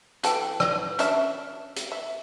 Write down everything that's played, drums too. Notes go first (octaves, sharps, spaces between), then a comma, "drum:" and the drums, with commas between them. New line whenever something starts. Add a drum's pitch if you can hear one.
E3 A4 G5, drum: hi-hat
drum: rim click
C#4 D4 E5, drum: hi-hat
drum: hi-hat
E5